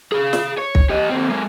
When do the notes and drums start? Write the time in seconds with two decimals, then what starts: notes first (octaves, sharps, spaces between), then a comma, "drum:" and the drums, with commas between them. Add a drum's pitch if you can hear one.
0.12 G#4 F5
0.33 drum: snare
0.58 C#5
0.75 drum: kick
0.90 G4 D#5
1.10 D#2 C4
1.30 G#3 A#3